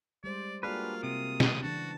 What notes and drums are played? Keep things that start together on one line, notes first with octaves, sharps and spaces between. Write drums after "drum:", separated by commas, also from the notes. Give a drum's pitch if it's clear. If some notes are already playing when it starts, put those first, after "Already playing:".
G3 G#3 C5 D5
G3 A#3 D4 F4 F#4 G#4 B4 F5
C3 D#6
drum: snare
C#3 E3 D4 F#4 A5